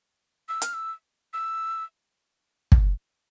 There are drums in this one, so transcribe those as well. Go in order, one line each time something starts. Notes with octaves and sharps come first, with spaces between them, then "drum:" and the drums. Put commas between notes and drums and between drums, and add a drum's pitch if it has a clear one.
E6
F6, drum: hi-hat
E6
E6
drum: kick